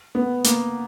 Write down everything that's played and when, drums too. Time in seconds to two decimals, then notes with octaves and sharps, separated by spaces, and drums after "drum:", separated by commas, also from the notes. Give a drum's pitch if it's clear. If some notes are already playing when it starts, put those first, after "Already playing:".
0.15 B3
0.44 A#3, drum: hi-hat